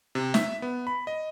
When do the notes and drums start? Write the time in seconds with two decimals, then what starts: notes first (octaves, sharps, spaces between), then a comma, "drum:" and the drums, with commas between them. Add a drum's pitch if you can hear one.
0.15 C3
0.34 E5, drum: snare
0.62 B3
0.87 B5
1.07 D#5